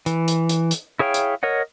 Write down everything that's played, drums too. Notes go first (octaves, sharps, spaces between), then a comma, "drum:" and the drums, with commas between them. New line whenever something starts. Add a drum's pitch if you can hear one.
E3, drum: hi-hat
drum: hi-hat
drum: hi-hat
drum: hi-hat
E4 G#4 C#5 F5 G5
drum: hi-hat
A#4 C#5 D#5 F#5